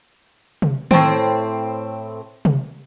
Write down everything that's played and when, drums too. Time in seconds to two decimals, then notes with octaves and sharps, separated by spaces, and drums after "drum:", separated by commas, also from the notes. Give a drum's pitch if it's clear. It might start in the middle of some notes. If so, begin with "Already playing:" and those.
0.62 drum: tom C3
0.91 A2 C4, drum: tom D#3
2.45 drum: tom C3